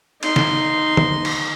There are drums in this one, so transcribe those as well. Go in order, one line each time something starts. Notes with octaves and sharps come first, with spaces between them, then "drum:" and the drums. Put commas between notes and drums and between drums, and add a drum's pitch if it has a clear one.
D#4 C6, drum: cymbal
drum: snare
drum: tom D3
drum: cymbal